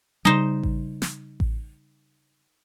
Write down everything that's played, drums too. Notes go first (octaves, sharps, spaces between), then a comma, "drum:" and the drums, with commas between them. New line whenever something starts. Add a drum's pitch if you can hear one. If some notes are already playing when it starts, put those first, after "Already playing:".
C#3 G3 D#4 C5
drum: kick A1
drum: snare
drum: kick A1